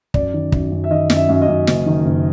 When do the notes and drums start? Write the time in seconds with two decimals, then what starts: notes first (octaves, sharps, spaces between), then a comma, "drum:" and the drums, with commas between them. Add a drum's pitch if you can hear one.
0.14 F#2 D5, drum: kick
0.34 D#3
0.52 F#2, drum: kick
0.72 F#2
0.84 E5
0.90 D#3 D#5
1.10 F#2, drum: snare
1.16 E5
1.29 F#2
1.42 D#5
1.48 F#2
1.67 F#1, drum: snare
1.86 D#3
2.06 F#1